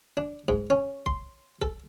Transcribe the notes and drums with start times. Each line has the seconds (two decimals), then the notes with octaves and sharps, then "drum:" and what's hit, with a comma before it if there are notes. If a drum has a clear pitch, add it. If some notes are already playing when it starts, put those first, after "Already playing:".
0.17 D4
0.48 G#2, drum: kick B1
0.70 C#4
1.06 C6, drum: kick B1
1.62 A4, drum: kick B1